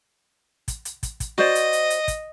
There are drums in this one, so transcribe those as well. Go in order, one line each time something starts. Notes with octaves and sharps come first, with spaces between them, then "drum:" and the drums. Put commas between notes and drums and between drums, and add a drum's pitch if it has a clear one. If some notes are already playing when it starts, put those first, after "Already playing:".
drum: kick, hi-hat
drum: hi-hat
drum: kick, hi-hat
drum: kick, hi-hat
F#4 C5 D5 D#5, drum: snare
drum: hi-hat
drum: hi-hat
drum: hi-hat
drum: kick, hi-hat